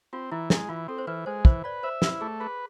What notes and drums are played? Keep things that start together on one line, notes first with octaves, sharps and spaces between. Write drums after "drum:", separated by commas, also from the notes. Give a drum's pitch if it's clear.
C4 F4
E3 E4
G#3 E4, drum: snare
E3 F4
C4 A4
C5
E3 B4
G#3 C5
E3 C5, drum: kick
B4 D5
C5 E5
E4 B4, drum: snare
A3 G#4
G#4 B4